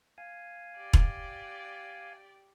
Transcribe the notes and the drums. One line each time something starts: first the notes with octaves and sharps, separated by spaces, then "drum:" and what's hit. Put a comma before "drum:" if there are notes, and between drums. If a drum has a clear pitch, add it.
F5 G#5
G4 D5
drum: kick E1